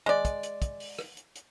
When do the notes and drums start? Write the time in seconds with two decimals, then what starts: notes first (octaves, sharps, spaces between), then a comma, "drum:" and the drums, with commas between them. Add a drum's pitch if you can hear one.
0.06 G#3 D5, drum: tom D#3
0.25 drum: kick, hi-hat
0.43 drum: hi-hat
0.62 drum: kick, hi-hat
0.80 drum: open hi-hat
0.99 drum: rim click
1.17 drum: hi-hat
1.35 drum: hi-hat